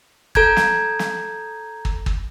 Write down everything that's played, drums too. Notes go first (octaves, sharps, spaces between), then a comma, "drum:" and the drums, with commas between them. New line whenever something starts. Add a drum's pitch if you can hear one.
A4 A#5 G6 G#6, drum: kick
drum: snare
drum: snare
drum: kick
drum: kick